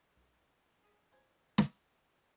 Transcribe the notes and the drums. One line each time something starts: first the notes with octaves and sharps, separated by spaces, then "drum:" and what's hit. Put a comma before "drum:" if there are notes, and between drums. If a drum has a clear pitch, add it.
B1
G#4 G#5 B6
F#2 F#3 C5 G#5 G#6
drum: snare